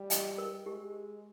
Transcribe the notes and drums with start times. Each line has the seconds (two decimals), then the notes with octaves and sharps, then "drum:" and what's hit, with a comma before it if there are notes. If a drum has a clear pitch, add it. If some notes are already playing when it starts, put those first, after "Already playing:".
Already playing: G3
0.10 D#5 G5, drum: hi-hat
0.38 A#4
0.66 G#3 G4